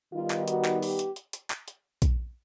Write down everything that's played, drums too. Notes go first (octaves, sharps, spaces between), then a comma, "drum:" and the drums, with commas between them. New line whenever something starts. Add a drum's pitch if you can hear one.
D#3 G3 B3 D#4 F4
drum: clap
F#4, drum: hi-hat
drum: clap
G4, drum: open hi-hat
drum: hi-hat
drum: hi-hat
drum: hi-hat
drum: clap
drum: hi-hat
drum: kick A#1, hi-hat